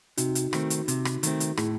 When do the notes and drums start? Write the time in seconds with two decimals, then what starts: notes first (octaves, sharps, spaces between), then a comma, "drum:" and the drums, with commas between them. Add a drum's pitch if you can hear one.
0.17 C3 D#4 F#4, drum: hi-hat
0.35 drum: hi-hat
0.53 D#3 A3 C4, drum: rim click
0.70 drum: hi-hat
0.88 C3, drum: hi-hat
1.05 drum: rim click
1.23 D#3 A3 C4, drum: hi-hat
1.40 drum: hi-hat
1.57 A2 E4 G#4, drum: rim click